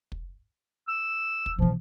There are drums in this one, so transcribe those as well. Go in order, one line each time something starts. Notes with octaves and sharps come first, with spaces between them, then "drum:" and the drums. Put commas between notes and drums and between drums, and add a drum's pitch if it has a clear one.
drum: kick
E6
drum: kick
B2 E3 F3